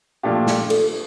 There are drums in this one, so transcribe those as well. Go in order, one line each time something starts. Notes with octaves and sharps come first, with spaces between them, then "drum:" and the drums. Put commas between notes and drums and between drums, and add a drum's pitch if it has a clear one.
A#2 F3 A3 D4 G4
drum: snare
A4, drum: cymbal